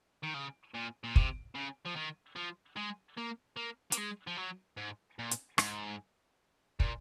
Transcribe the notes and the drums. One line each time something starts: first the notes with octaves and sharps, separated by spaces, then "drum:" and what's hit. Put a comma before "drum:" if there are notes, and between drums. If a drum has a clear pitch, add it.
D#3
C#3
A#2
A#2
C3, drum: kick
C#3
F3
D#3
F3
G#3
A#3
A#3
A#3, drum: hi-hat
G#3
F3
F#3
G#2
A#2
drum: hi-hat
G#2, drum: rim click
A#2, drum: kick